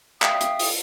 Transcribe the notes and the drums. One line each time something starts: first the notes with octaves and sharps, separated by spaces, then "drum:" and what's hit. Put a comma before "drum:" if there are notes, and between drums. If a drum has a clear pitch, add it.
E5 F5 G5 D#6, drum: clap
drum: hi-hat
drum: open hi-hat